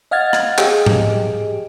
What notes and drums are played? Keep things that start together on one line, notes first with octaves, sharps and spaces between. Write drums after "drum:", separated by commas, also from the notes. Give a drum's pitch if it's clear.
D#5 F5 F#5 F6 G#6 A6
drum: rim click
G4 G#4 D#5, drum: clap
drum: tom G#2